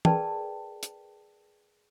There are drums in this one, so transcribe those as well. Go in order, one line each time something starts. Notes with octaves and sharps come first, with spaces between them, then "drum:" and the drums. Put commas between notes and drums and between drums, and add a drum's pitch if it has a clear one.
G#4 A#4 B4 D5 G5 A5, drum: tom
drum: hi-hat